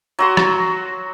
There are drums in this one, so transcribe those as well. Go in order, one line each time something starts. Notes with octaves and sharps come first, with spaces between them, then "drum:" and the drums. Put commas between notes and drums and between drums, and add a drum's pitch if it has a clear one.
F#3 F#4 C6
drum: rim click